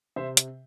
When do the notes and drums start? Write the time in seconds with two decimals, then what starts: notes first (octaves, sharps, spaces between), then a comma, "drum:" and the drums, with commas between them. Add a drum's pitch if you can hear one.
0.16 C3 C5 E5
0.37 drum: hi-hat